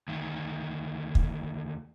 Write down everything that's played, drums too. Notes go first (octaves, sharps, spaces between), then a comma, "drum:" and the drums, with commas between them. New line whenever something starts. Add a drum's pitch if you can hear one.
D2 D#3
drum: kick